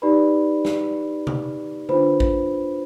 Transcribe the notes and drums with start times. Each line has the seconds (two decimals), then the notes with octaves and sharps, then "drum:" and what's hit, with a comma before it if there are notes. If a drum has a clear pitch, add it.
0.02 D#4 G4 B4 D5 B5
0.65 drum: snare
1.27 drum: tom C3
1.89 D4 F4 B4 C5 B5, drum: tom D3
2.20 drum: kick A1